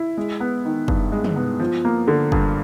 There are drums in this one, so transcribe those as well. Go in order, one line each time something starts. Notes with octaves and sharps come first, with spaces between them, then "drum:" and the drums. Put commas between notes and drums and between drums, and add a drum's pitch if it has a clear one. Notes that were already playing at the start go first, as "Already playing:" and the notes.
Already playing: E4
G#3
B3
D#3
G2, drum: kick
G#3
drum: tom
B3
F3
A#3
D3
G2, drum: kick